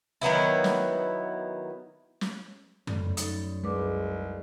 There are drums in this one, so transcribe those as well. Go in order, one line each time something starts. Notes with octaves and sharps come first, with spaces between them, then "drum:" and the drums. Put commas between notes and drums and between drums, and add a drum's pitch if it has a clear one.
D#3 F#3 B3 E4
drum: snare
drum: snare
F#2 G3 A3, drum: tom F#2
D#4 A4, drum: hi-hat
C2 G#3 B4 D6